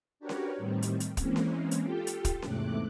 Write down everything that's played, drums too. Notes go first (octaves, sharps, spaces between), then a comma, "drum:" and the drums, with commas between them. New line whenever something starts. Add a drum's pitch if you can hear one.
D4 F#4 G4 A#4 B4 C#5
drum: snare C#4
A2 D#3 G3 C4
drum: hi-hat
drum: hi-hat
E3 G#3 A#3 C4 C#4, drum: kick, hi-hat
drum: snare C#4
drum: hi-hat
F4 G4 A4 G5
drum: hi-hat
drum: kick, hi-hat
E2 G#2 C3 A3 D6 F#6, drum: snare C#4